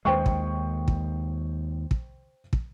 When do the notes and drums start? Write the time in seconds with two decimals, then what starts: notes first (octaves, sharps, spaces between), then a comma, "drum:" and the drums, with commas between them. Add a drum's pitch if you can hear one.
0.05 D#2 G#3 C5 G5 C#6
0.26 drum: kick
0.88 drum: kick
1.91 drum: kick
2.53 drum: kick